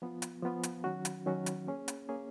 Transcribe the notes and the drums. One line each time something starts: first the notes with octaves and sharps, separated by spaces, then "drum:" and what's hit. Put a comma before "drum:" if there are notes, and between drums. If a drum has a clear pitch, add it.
F3 B3 F4
drum: hi-hat
F3 B3 F4
drum: hi-hat
D#3 F#3 C#4 F#4
drum: hi-hat
D#3 F#3 C#4 F#4
drum: hi-hat
A#3 C#4 G#4 C#5
drum: hi-hat
A#3 C#4 G#4 C#5